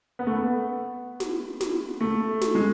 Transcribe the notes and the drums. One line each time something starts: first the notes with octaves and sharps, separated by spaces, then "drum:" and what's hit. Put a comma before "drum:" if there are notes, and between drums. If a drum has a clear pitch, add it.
B3
A3
B3
drum: snare
drum: snare
A3
drum: snare
G#3